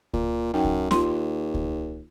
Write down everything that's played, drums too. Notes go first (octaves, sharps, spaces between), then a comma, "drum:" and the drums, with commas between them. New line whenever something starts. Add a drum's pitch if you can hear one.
A#2, drum: kick C#2
F#2 D#4 G5
drum: kick C#2
D#2 F4 C6, drum: snare
drum: kick C#2